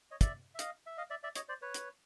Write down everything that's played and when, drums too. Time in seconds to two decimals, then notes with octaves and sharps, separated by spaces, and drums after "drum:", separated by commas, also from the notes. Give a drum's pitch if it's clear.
0.11 C#5 D#5
0.21 D5 E5, drum: kick, hi-hat
0.55 E5
0.59 D#5 F5, drum: hi-hat
0.86 E5
0.98 D#5 F5
1.10 D5 E5
1.23 D5 E5
1.35 C#5 D#5, drum: hi-hat
1.49 C5 D5
1.62 B4 C#5
1.74 drum: hi-hat